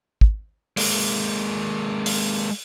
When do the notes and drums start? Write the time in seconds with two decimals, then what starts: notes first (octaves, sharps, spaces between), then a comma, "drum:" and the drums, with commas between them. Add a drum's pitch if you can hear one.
0.21 drum: kick
0.77 G#3 A#3, drum: open hi-hat
2.06 drum: open hi-hat